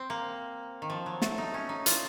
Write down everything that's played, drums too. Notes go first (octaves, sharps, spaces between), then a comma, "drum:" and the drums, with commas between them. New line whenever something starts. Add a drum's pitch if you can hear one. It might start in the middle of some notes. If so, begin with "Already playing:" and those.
Already playing: C4
A#3
D#3
F3
F#3
A3, drum: snare
D#4
C#4
D#4
F4, drum: hi-hat